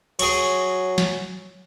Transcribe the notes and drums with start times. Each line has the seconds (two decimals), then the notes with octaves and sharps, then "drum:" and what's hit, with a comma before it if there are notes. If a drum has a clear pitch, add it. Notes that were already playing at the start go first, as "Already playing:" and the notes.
0.19 F#3 G#4 C#6, drum: cymbal
0.98 drum: snare